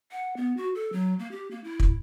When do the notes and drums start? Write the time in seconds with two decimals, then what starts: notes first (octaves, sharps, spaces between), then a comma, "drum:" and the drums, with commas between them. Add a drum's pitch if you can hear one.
0.11 F#5
0.37 B3
0.57 F#4
0.75 A4
0.93 F#3
1.19 A#3
1.31 G4
1.51 A#3
1.64 E4
1.80 drum: kick